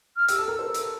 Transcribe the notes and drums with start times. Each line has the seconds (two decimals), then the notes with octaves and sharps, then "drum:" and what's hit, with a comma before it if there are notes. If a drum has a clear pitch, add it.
0.16 F6
0.28 G4 E6, drum: hi-hat
0.38 A4
0.48 A#4
0.59 C5
0.74 drum: hi-hat